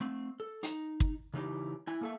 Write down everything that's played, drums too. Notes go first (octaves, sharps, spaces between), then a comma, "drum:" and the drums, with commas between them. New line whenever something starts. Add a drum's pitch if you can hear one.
A3 C4
A4
D#4, drum: hi-hat
drum: kick
C#3 E3 D#4 G4
E4 G#5
A#3 A4 E5